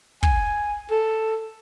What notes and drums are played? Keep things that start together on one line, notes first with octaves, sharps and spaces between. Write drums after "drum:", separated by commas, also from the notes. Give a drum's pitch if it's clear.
G#5, drum: kick
A4